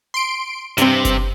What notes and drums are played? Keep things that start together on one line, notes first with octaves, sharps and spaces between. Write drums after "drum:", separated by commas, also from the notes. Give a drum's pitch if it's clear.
C6 D7
G2 C3 C4, drum: hi-hat
drum: kick F#1, hi-hat